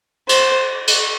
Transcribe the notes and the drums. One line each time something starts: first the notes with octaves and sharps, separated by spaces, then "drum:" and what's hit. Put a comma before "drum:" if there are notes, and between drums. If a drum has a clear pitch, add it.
C5, drum: cymbal
drum: cymbal